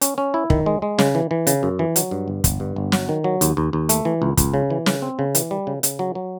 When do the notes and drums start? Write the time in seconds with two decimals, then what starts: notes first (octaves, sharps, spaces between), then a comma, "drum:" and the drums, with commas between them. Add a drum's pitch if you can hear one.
0.01 C#4, drum: hi-hat
0.18 C#4
0.34 E4
0.50 D#3, drum: kick
0.66 G#3
0.82 G#3
0.98 C#3, drum: snare
1.15 E3
1.31 E3
1.47 C#3, drum: hi-hat
1.63 F#2
1.79 E3
1.96 F#3, drum: hi-hat
2.11 G2
2.28 G1
2.44 G1, drum: kick, hi-hat
2.60 G2
2.76 G1
2.92 F#3, drum: snare
3.09 D#3
3.24 F#3
3.41 D#2, drum: hi-hat
3.57 D#2
3.73 D#2
3.89 A3, drum: hi-hat
4.05 E3
4.22 C#2
4.37 C#2, drum: kick, hi-hat
4.54 C#3
4.70 E3
4.86 C#3, drum: snare
5.02 C4
5.19 C#3
5.35 E3, drum: hi-hat
5.51 G3
5.67 C#3
5.83 C#3, drum: hi-hat
5.99 F#3
6.15 F#3